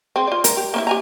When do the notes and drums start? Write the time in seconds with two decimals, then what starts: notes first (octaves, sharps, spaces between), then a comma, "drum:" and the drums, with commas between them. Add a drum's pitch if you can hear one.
0.16 C4 G#4
0.27 F4 D5
0.44 A#4, drum: hi-hat
0.57 G4
0.74 A#3 C#4 E4
0.87 G4 G#5 A#5